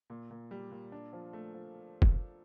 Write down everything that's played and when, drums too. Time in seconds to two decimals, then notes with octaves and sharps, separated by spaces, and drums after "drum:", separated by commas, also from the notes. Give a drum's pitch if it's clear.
0.10 A#2
0.31 A#2
0.51 G3
0.71 A#2
0.92 D4
1.13 F3
1.33 A3
1.54 F3
2.02 drum: kick